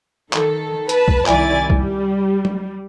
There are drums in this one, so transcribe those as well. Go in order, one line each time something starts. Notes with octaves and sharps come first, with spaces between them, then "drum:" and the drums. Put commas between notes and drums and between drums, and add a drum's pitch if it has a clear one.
D#3 A4, drum: clap
B4 A5, drum: hi-hat
drum: kick
C2 D#3 E4 D5 G#5 A6, drum: clap
G3, drum: kick
drum: tom F#3